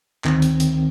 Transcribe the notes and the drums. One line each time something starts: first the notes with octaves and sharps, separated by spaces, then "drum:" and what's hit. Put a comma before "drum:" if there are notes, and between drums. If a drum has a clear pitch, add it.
D2 D#3 C4, drum: clap
drum: hi-hat
drum: hi-hat